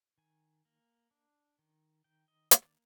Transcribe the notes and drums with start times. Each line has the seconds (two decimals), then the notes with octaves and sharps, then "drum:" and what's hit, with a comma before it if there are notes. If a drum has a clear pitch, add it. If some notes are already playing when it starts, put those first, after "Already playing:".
0.18 D#3 G#5
0.65 A#3
1.11 D4
1.59 D#3
2.04 D#3 G5
2.28 D#5
2.51 A#3 D5, drum: hi-hat